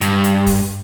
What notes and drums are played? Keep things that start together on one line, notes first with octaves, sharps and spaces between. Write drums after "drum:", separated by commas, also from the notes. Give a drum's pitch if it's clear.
G2, drum: hi-hat
drum: hi-hat
drum: kick, open hi-hat